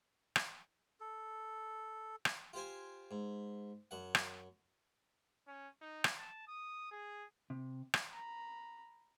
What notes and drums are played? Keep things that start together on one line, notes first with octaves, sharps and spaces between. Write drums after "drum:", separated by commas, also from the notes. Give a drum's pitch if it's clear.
drum: rim click
A4
drum: rim click
F4 G4 C5 G#5
G#2
F#2 F#5
drum: rim click
C#4
D#4
drum: rim click
A5
D#6
G#4
C3
drum: rim click
A#5 B5